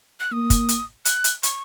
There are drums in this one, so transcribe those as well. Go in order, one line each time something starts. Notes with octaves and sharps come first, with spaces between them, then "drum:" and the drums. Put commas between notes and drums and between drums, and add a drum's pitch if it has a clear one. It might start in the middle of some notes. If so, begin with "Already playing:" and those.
F#6
A#3 D#6
drum: kick, hi-hat
drum: hi-hat
F#6, drum: hi-hat
drum: hi-hat
C#6, drum: hi-hat